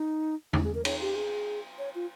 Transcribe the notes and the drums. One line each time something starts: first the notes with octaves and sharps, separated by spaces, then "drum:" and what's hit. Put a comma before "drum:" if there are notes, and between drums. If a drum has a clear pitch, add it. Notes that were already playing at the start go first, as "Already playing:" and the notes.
Already playing: D#4
D#4, drum: tom E2
G#4
A#4
C#5, drum: cymbal
G4
G#4
C#5
F4